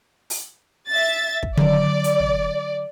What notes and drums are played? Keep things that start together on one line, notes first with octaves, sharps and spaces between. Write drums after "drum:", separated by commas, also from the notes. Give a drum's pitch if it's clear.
drum: open hi-hat
E5 A6
drum: kick
D3 F#3 D5, drum: tom D#3
drum: hi-hat
drum: tom